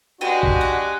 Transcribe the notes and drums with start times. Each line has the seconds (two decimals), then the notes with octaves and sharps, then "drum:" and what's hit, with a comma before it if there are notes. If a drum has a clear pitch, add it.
0.21 G#3 D4 F#4 G4 B4 G5
0.43 drum: kick
0.61 F#5